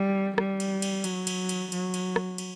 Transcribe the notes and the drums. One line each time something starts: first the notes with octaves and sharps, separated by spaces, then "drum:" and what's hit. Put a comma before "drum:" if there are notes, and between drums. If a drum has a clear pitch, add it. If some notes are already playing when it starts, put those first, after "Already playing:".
Already playing: G3
G3, drum: rim click
drum: cymbal
drum: cymbal
F#3, drum: cymbal
drum: cymbal
drum: cymbal
F#3, drum: cymbal
drum: cymbal
drum: rim click
drum: cymbal